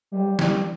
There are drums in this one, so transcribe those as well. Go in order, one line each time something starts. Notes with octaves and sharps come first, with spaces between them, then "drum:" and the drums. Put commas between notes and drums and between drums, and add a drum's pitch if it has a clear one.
G3
G3, drum: snare